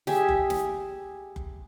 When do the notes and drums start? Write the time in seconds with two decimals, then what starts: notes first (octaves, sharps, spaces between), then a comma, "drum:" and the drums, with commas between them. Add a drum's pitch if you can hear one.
0.07 G4 G#4 E5, drum: snare
0.29 drum: kick F#1
0.50 drum: snare
1.36 drum: kick F#1